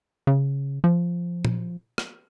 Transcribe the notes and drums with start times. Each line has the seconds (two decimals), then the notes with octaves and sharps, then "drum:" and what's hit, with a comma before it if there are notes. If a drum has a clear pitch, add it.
0.27 C#3
0.84 F3
1.45 drum: tom A#2
1.98 drum: rim click